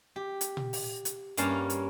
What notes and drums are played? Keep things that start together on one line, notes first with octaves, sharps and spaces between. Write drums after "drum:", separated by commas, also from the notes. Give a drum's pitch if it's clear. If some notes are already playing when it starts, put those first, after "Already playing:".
G4
drum: hi-hat
drum: tom A#2
drum: open hi-hat
drum: hi-hat
G2 A#3 C#4 F5 A5, drum: hi-hat
drum: hi-hat